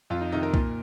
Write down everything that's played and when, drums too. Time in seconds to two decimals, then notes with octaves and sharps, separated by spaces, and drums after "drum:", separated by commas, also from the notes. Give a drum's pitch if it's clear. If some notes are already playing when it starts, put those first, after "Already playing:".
0.10 F2 F4
0.21 D#4
0.32 C3 D#3 D#4
0.43 A#4
0.54 A#2, drum: kick B1